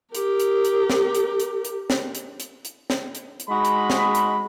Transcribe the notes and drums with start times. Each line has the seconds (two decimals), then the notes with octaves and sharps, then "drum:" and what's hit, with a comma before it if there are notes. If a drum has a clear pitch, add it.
0.15 G4 A#4, drum: hi-hat
0.40 drum: hi-hat
0.65 drum: hi-hat
0.90 drum: snare
1.15 drum: hi-hat
1.40 drum: hi-hat
1.65 drum: hi-hat
1.90 drum: snare
2.15 drum: hi-hat
2.40 drum: hi-hat
2.65 drum: hi-hat
2.90 drum: snare
3.15 drum: hi-hat
3.40 drum: hi-hat
3.50 G#3 D#4 F#4 B5
3.65 drum: hi-hat
3.90 drum: snare
4.15 drum: hi-hat